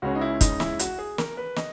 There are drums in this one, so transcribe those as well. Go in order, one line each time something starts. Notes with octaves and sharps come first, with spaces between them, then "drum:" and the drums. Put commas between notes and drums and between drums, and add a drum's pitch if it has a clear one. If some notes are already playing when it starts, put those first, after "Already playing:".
C#2 C#3 G#3 C#4 F#4
D#4
E4
D#4, drum: kick, hi-hat
E4, drum: snare
F#4, drum: hi-hat
G#4
A#4, drum: snare
B4
D#5, drum: snare